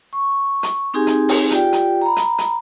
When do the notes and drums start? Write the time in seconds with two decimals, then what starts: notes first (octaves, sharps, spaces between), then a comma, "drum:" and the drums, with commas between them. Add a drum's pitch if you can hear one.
0.13 C#6
0.63 drum: hi-hat
0.94 C4 D#4 G4 G#4 G#5
1.07 drum: hi-hat
1.29 drum: open hi-hat
1.51 F4 G4 D5 G5, drum: hi-hat
1.73 drum: hi-hat
2.02 A#5 B5
2.16 drum: hi-hat
2.38 drum: hi-hat